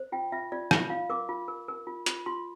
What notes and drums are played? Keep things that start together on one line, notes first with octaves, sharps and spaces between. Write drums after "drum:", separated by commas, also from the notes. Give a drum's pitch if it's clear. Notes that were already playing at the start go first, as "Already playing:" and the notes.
Already playing: C5
F4 G5
F4 E5
F4 D5
F4 E5, drum: rim click
F4 F5
A#4 D6
F4
A#4
A#4
F4
F4, drum: hi-hat
F4 C6